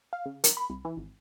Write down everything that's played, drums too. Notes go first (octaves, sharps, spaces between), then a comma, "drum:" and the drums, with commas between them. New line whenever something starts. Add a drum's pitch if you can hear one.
F5
C#3
A#4, drum: hi-hat
B5
C2
E3
G#1